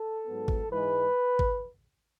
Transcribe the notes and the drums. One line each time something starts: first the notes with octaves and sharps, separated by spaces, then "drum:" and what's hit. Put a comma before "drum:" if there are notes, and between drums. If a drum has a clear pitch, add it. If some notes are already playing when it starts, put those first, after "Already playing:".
Already playing: A4
G#2 F#3 B3
drum: kick G#1
G#2 E3 G#3 B4
drum: kick G#1